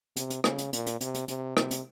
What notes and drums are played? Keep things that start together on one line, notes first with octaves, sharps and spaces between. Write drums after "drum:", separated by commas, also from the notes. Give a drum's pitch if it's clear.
C3, drum: hi-hat
drum: hi-hat
C#3, drum: rim click
drum: hi-hat
A#2, drum: hi-hat
drum: hi-hat
C3, drum: hi-hat
drum: hi-hat
C3, drum: hi-hat
C3, drum: rim click
drum: hi-hat